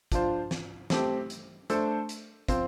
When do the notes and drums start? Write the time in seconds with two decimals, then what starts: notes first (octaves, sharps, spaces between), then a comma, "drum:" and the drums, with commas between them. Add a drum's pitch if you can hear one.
0.12 F3 D4 F4 C5, drum: kick, hi-hat
0.51 drum: snare
0.90 A3 C4 G4, drum: snare
1.30 drum: hi-hat
1.70 A3 D4 A4 C5, drum: hi-hat
2.09 drum: hi-hat
2.48 F3 C4 F4 C5, drum: kick, hi-hat